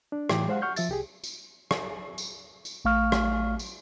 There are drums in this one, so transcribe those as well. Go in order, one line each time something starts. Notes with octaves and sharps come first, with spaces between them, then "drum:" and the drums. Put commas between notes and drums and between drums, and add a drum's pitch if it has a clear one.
D4
A2 E3 G5 D6, drum: rim click
G#3 C5 F5 F#5
F#5 C#6 F6 G6
F3 E5 A6, drum: tambourine
C2 G4 G#4
drum: tambourine
drum: rim click
drum: tambourine
drum: tambourine
A1 A3 F5 C#6 F6
drum: rim click
drum: tambourine